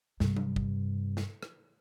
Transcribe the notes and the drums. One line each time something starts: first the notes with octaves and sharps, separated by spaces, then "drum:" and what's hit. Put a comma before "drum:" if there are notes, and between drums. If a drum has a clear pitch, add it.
G2 C3, drum: snare
drum: tom F#3
drum: kick
drum: snare
drum: rim click